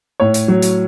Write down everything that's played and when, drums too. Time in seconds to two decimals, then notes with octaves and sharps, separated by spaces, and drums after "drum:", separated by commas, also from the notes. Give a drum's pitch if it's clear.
0.20 A2 C#5
0.34 drum: hi-hat
0.48 F#3
0.62 drum: hi-hat